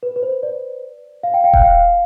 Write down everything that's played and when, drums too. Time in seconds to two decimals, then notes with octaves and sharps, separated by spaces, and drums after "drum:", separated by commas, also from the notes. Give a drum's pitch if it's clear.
0.03 B4
0.16 B4
0.23 C5
0.43 D5
1.23 F5
1.34 G5
1.44 F5
1.53 G5, drum: kick D#1
1.64 F5